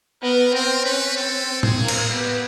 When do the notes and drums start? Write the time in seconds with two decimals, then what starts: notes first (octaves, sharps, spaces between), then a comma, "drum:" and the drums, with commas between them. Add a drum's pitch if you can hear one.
0.23 B3 A#4
0.54 C4 A#4
0.85 C#4 B4
1.17 C4 A4
1.48 C4
1.63 G#4, drum: tom A2
1.79 A#3
1.88 drum: cymbal
2.10 B3 G4